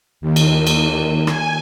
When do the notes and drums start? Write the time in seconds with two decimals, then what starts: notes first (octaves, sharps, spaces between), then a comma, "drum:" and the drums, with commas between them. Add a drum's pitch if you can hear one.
0.21 D#2
0.36 drum: cymbal
0.67 drum: cymbal
1.27 G#5, drum: rim click